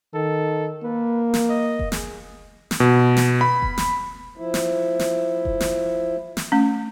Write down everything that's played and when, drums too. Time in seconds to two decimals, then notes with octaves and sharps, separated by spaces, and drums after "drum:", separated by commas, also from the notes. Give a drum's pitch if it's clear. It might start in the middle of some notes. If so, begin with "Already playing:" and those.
0.14 D#3 A4
0.84 A#3 B4
1.34 drum: snare
1.49 D#5
1.79 drum: kick F1
1.92 G#4, drum: snare
2.71 drum: snare
2.80 B2
3.17 drum: snare
3.41 B5
3.62 drum: kick F1
3.78 drum: snare
4.37 F3 E4
4.54 drum: snare
4.99 drum: snare
5.45 drum: kick F1
5.60 drum: snare
6.37 drum: snare
6.52 A3 C#4